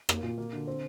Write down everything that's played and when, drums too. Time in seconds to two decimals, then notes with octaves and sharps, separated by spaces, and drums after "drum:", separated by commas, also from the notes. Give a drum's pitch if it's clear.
0.09 A#3, drum: rim click
0.23 A#2
0.38 A#3
0.53 D3
0.67 C4